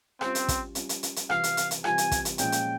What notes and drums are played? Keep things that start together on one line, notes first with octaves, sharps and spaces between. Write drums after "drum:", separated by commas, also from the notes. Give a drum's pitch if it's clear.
G3 C4 C#4 F4, drum: rim click
drum: hi-hat
drum: kick, hi-hat
G3 C#4 F4, drum: hi-hat
drum: hi-hat
drum: hi-hat
drum: hi-hat
C3 E3 G3 C4 F4 F5, drum: rim click
drum: hi-hat
drum: hi-hat
drum: hi-hat
C3 E3 G3 C4 F4 G#5, drum: rim click
drum: hi-hat
drum: kick, hi-hat
drum: hi-hat
A#2 F3 G#3 C#4 G5, drum: hi-hat
drum: hi-hat